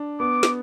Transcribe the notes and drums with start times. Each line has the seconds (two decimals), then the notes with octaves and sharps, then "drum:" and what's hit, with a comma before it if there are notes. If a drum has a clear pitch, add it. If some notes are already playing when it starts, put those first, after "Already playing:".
Already playing: D4
0.20 B3 D6
0.43 drum: snare